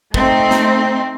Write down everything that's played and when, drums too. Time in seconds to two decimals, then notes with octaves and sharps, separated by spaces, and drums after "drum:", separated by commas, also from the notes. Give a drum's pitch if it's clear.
0.14 A3 C4 D#4, drum: kick
0.51 drum: snare